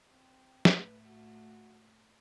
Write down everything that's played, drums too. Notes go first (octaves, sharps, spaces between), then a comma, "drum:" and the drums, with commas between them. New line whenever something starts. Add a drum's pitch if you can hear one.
C4
A2 A3 B4, drum: snare
F#4